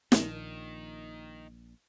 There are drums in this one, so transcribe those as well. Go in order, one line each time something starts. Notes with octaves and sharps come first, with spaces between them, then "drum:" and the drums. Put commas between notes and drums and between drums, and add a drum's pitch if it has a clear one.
A#1 A#2 D#3, drum: snare